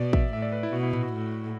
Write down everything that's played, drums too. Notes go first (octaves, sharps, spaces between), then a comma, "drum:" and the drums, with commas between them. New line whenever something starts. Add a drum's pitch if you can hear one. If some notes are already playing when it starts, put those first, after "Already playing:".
Already playing: B2 D5
E5, drum: kick
A2 E5
D5
B4
E4
B2 F#4
E4
E4, drum: tom A2
F#4
A2